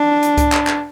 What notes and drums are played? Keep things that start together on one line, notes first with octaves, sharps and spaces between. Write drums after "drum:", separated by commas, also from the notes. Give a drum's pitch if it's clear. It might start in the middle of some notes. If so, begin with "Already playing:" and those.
Already playing: D4
drum: hi-hat
drum: kick C#2, hi-hat
drum: clap
drum: clap